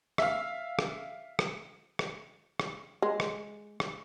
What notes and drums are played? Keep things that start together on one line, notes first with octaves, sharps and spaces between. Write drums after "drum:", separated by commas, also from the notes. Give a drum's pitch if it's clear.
E5 F5, drum: rim click
drum: rim click
drum: rim click
drum: rim click
drum: rim click
G#3
drum: rim click
drum: rim click